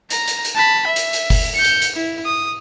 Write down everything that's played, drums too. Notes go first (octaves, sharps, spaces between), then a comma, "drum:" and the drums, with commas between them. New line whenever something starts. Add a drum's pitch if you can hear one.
A#5, drum: hi-hat
drum: hi-hat
drum: hi-hat
A5 B5
E5
drum: hi-hat
drum: hi-hat
drum: kick F#1, open hi-hat
G6 C#7
drum: hi-hat
drum: hi-hat
E4
D#6